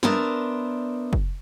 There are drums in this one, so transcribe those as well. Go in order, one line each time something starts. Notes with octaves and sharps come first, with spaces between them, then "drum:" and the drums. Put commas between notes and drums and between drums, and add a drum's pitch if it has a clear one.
B3 D4 A#4 C5 D5 E5, drum: snare
drum: kick